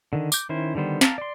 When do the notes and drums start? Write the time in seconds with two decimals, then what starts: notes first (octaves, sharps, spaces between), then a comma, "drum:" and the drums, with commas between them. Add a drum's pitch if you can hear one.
0.13 D3 D#3
0.32 D6 G6, drum: tambourine
0.49 D#3 C#4 E4 C5
0.75 D3 D#3 G3 B3 C5
1.01 F5 A5 A#5, drum: snare
1.18 D5 C6